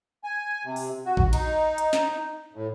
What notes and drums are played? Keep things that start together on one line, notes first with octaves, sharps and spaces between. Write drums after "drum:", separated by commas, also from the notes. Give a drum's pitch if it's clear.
G#5
C3
drum: open hi-hat
F#4
drum: kick A1
D#4, drum: cymbal
drum: hi-hat
drum: snare
A2